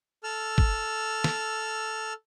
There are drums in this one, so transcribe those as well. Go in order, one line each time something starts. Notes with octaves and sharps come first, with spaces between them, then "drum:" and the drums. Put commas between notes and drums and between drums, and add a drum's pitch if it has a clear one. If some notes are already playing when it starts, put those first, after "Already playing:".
A4 E6 F6
drum: kick G#1
drum: snare